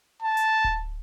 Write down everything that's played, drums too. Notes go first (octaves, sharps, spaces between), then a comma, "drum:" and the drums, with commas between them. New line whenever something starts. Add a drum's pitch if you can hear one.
A5
drum: hi-hat
drum: kick D1